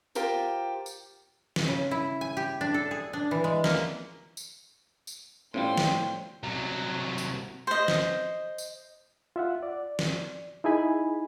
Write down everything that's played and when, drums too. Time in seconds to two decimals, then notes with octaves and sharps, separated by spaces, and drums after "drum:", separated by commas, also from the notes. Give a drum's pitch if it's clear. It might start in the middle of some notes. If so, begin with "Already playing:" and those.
0.15 F4 G4 A#4 C5, drum: tambourine
0.86 drum: tambourine
1.56 drum: snare
1.68 C#3
1.91 E4
2.21 G#5
2.37 G4
2.61 D4
2.74 A4
2.91 G#4
3.13 D4
3.31 E3
3.44 G#3
3.64 A#3, drum: snare
4.37 drum: tambourine
5.07 drum: tambourine
5.54 A2 F3 G3 B3 C#4 F5 G5 C6
5.78 drum: snare
6.44 C2 F#3
7.18 drum: tambourine
7.67 C5 D#5
7.88 drum: snare
8.58 drum: tambourine
9.36 F4 E5 F#5
9.63 D5
9.99 drum: snare
10.64 D#4 E4 G#4 G#5 B5